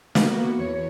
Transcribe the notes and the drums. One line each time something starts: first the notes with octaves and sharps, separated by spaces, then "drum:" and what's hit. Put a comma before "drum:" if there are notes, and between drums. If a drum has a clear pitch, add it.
A#2 E3 A#3 B3 F#4, drum: snare
E2 E3 C#5